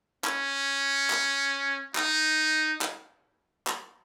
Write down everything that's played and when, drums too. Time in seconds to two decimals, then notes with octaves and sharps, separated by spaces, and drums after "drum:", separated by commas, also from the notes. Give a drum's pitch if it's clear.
0.24 C#4, drum: clap
1.10 drum: clap
1.95 D#4, drum: clap
2.81 drum: clap
3.67 drum: clap